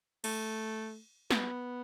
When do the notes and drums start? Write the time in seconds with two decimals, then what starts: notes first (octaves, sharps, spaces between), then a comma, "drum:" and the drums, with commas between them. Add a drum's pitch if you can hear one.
0.24 A3, drum: cymbal
1.31 B3, drum: snare